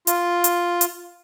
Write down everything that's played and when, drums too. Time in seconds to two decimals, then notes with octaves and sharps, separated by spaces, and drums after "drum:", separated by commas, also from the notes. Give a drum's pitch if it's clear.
0.07 F4, drum: hi-hat
0.44 drum: hi-hat
0.81 drum: hi-hat